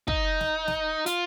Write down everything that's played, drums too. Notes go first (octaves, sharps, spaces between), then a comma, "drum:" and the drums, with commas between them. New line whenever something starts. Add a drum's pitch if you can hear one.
D#4, drum: kick
drum: snare
drum: snare
F4, drum: hi-hat